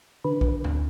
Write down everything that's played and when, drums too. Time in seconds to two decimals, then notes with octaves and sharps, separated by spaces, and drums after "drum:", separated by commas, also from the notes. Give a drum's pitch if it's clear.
0.24 D3 B4
0.41 drum: kick B1
0.64 D2, drum: tom G#2